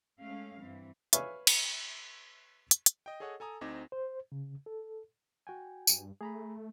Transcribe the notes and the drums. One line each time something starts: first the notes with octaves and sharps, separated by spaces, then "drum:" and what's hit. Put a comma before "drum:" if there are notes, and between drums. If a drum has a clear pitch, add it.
G#3 A3 C#4 F5
G2 E3 C4
B4 C#5 E5 F5 G#5, drum: hi-hat
drum: cymbal
drum: hi-hat
drum: hi-hat
D#5 G5
G#4 A4 C#5 D#5 F#5
A4 G#5 A#5 D#6
D2 C4 D#4 D6 G#6 A#6
C5
C#3
A4
F#4 G5 G#5
G2, drum: tambourine
A3 G#4 A#5 B5